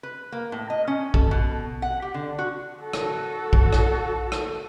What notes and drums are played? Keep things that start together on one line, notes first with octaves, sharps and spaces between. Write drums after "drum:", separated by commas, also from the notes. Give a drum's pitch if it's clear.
B4
A#3
A2
D#5
C#4
A4, drum: kick A#1
B2
F#5
G4
D3
F#4
F#4 A4
drum: rim click
drum: kick A#1
drum: rim click
drum: rim click